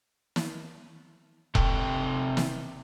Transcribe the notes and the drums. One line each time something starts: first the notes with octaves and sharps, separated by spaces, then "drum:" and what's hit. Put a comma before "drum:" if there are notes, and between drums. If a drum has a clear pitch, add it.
drum: snare
C3 A4 G5, drum: kick E1
drum: snare